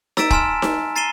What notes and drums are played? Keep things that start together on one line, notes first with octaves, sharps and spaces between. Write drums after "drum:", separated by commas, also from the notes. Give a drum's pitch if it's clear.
A#5 E6 A6 B6 D7 E7, drum: snare D#4
G#5 A5 C6 F6 E7, drum: kick
drum: snare D#4
A#5 A6 C7 D#7 E7 G7